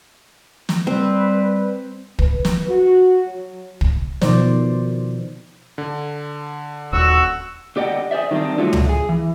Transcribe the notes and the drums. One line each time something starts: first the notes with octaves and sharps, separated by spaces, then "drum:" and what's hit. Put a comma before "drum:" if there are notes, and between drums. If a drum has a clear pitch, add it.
drum: snare
G3 C4 B4
B4, drum: kick
drum: snare
F#4
F#3
drum: kick
B2 D#3 F3 C5 D5, drum: snare
D3
D#1 F#4 E6
D3 G4 D5 D#5 F#5 G5
G#4 C5 D5 E5
D#3 F#3 G3 C4 D4
D3 F#3 G3 A3 F4
drum: tom C#2
G#4
E3